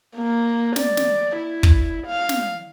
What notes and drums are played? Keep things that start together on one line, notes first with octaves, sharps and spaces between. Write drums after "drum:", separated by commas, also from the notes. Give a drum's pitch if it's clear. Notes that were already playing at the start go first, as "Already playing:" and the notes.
A#3
D5, drum: snare
drum: snare
E4
drum: kick
F5
drum: snare